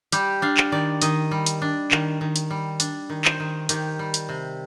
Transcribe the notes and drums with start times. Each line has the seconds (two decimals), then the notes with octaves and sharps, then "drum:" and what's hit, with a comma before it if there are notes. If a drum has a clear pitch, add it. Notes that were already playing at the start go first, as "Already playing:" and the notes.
0.12 G3 G4, drum: hi-hat
0.42 D4 F5
0.57 drum: clap
0.72 D#3 D5
1.02 D#3 D#5, drum: hi-hat
1.31 G3
1.46 drum: hi-hat
1.62 D4
1.91 D#3, drum: clap
2.21 D#3
2.36 drum: hi-hat
2.51 G3
2.80 D4, drum: hi-hat
3.10 D#3
3.25 C5, drum: clap
3.40 D#3
3.69 D#3 G4, drum: hi-hat
3.99 G3
4.14 drum: hi-hat
4.29 C3